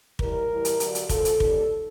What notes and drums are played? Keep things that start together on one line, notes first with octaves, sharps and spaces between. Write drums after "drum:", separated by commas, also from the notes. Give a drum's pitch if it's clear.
A2 E3 G3 A#4, drum: kick
A2 E3 G3
drum: hi-hat
G2 D3 F#3, drum: hi-hat
drum: hi-hat
A#2 F3 A4, drum: kick, hi-hat
drum: hi-hat
D#2 D#3 G3, drum: kick